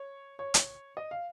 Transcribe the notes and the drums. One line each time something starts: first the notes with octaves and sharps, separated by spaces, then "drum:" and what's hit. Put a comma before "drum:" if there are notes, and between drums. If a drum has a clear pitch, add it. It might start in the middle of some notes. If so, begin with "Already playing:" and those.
Already playing: C#5
C#5
drum: hi-hat
D#5
F5